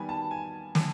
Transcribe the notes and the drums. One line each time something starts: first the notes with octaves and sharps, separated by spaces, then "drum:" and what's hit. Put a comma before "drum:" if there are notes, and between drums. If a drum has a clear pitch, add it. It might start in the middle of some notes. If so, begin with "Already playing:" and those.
Already playing: D#3 G3 B3 G#5
A5
G#5
drum: snare